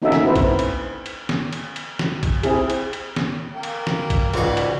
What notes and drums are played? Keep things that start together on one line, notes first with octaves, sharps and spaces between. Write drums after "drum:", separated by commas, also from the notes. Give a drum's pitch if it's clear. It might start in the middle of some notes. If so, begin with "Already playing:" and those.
A#3 C#4 D#4 F#4 A4 E5
drum: snare
C4 E4 B4 C5
drum: kick, cymbal
drum: cymbal
drum: cymbal
drum: snare
drum: cymbal
drum: cymbal
drum: snare
drum: kick, cymbal
C4 E4 G4 G#4, drum: cymbal
drum: cymbal
drum: cymbal
drum: snare
A#3 G5
drum: cymbal
drum: snare
drum: kick, cymbal
C#2 G#2 F#4 D5 F5, drum: cymbal
drum: cymbal